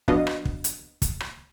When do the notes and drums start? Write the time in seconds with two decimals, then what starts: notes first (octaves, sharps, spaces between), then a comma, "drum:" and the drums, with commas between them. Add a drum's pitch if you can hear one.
0.08 F3 B3 D4 F#4 D#5 F5, drum: kick
0.27 drum: rim click
0.45 drum: kick
0.64 drum: hi-hat
1.02 drum: kick, hi-hat
1.20 drum: rim click